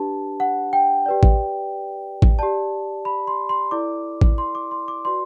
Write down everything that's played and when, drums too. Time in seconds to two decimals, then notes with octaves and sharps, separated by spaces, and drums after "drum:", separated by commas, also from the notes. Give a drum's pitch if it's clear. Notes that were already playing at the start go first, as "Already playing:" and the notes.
Already playing: D4 G4 B4 A5
0.40 F#5
0.73 G5
1.06 G4 B4 D5
1.23 drum: kick A1
2.22 drum: kick A1
2.39 G4 D5 A5
3.05 B5
3.27 C6
3.49 C6
3.71 E4 A4 D5 D6
4.21 drum: kick A1
4.38 C6
4.55 D6
4.71 C6
4.88 D6
5.05 F#4 B4 D5 C6